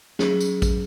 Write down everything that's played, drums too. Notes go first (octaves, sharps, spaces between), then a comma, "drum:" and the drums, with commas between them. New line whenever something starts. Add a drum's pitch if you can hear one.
F#3 C#4 G#4, drum: snare
drum: tambourine
drum: kick, tambourine